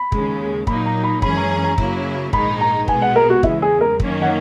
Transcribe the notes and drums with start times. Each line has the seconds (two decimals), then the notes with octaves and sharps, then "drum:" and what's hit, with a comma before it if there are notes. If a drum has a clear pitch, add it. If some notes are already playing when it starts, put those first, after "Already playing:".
Already playing: B5
0.12 D#2 C#3 G#3, drum: kick
0.67 A#2 F#3 A#3 D#4 B5, drum: kick
0.86 A#5
1.03 B5
1.22 F#2 E3 G#3 C#4 G#4 B5, drum: kick
1.37 A#5
1.50 A#5
1.64 A#5
1.78 C#3 F#3 A#3 E4, drum: kick
2.33 A#1 G#2 D#3 G#3 D#4 B5, drum: kick
2.61 A#5
2.88 B2 G#3 B3 G#5, drum: kick
3.02 F#5
3.16 A#4
3.30 F#4
3.43 E2 C#3 G#3 E4, drum: kick
3.62 G#4
3.81 A#4
4.00 F#2 D#3 A#3 C#4, drum: kick
4.22 F#5